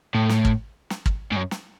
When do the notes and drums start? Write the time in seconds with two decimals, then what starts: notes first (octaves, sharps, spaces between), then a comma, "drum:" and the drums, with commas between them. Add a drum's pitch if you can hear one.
0.15 A2
0.29 drum: snare
0.45 drum: kick
0.90 drum: snare
1.06 drum: kick
1.32 G#2
1.36 F#2
1.51 drum: snare